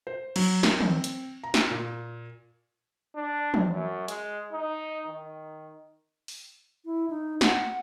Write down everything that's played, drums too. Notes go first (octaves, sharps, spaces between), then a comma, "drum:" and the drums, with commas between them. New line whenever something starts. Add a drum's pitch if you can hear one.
C5
F#3, drum: cymbal
A#4, drum: snare
C4, drum: tom
drum: hi-hat
A#5
drum: snare
A#2
D4
drum: tom
F#2
G#3, drum: hi-hat
D#4
D#3
drum: open hi-hat
E4
D#4
F#5, drum: snare